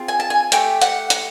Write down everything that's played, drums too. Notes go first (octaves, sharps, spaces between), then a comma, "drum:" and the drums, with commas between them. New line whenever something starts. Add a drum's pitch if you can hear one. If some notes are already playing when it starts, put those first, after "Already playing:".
Already playing: C4 F4 G#4
G#5
A5
G#5
A3 D4 G4 G5, drum: hi-hat
F#5, drum: hi-hat
F#5, drum: hi-hat